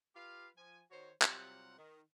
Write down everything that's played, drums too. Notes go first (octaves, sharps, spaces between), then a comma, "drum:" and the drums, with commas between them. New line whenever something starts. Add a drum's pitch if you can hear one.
F4 G4 B4 F5
F3 G#5
D#3 F#4 C5 C#5
C3 F#3 G3 F4 F#5, drum: clap
D#3